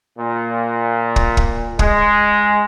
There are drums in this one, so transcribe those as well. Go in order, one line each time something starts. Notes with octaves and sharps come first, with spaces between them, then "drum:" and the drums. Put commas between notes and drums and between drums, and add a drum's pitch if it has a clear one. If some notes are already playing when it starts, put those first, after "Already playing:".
A#2
drum: kick
drum: kick
G#3, drum: kick